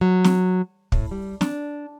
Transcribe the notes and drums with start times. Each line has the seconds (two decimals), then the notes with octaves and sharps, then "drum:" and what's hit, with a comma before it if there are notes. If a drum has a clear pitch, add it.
0.01 F#3
0.24 drum: snare
0.92 A2, drum: kick
1.11 G3
1.41 D4, drum: snare